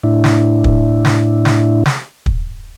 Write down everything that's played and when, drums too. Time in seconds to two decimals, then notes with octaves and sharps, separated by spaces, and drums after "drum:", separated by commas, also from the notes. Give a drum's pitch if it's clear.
0.03 A2 D4 E4
0.24 drum: snare
0.64 drum: kick
1.05 drum: snare
1.45 drum: snare
1.86 drum: snare
2.26 drum: kick